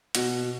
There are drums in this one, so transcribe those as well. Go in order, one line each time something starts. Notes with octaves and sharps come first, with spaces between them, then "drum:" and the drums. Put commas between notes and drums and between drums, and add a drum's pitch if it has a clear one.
B2, drum: hi-hat